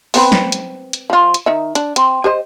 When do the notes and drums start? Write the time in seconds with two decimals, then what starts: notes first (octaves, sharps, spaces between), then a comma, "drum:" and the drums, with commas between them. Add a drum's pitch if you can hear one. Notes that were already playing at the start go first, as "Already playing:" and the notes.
0.14 B3 C4 B4, drum: open hi-hat
0.32 drum: snare
0.52 drum: hi-hat
0.93 drum: hi-hat
1.10 F3 F4
1.34 drum: hi-hat
1.46 D#3 D#4 E5
1.75 D4, drum: hi-hat
1.96 C4, drum: hi-hat
2.24 G4 C5 D#5